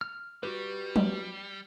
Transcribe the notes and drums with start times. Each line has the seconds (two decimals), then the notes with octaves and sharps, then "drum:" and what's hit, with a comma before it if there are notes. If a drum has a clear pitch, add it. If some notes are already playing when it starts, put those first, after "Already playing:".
0.01 F6
0.43 G3 F#4 G4 B4
0.96 drum: tom